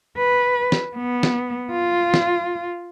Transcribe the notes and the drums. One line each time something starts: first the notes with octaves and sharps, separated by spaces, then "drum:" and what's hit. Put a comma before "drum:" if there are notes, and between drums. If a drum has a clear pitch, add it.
B4
drum: snare
B3
drum: snare
F4
drum: snare